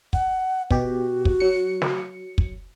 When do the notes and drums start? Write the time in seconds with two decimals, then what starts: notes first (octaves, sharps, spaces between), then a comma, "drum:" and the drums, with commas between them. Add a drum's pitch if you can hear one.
0.13 F#5, drum: kick
0.70 B2 F#4 G4, drum: kick
1.25 drum: kick
1.40 F#3 C#7
1.82 drum: snare
2.38 drum: kick